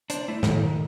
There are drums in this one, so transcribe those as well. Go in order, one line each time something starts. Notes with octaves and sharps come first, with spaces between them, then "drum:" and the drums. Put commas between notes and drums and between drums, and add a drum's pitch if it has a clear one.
D4 C5, drum: hi-hat
A3 E4
A2 D#3, drum: snare